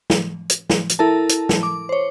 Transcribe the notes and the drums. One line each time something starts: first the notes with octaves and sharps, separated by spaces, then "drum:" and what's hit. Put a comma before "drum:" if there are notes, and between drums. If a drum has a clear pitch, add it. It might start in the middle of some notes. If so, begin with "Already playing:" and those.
drum: snare
drum: hi-hat
drum: snare
drum: hi-hat
E4 A4 A#4 A5
drum: hi-hat
drum: snare
D6
C5 C#5